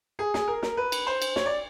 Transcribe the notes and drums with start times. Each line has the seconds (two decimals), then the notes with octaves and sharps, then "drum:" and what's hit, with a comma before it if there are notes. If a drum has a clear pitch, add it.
0.19 G#4
0.34 G#4, drum: snare
0.48 A#4
0.63 A#4, drum: snare
0.77 B4
0.92 drum: cymbal
1.07 C5
1.22 drum: cymbal
1.36 C#5, drum: snare
1.46 D5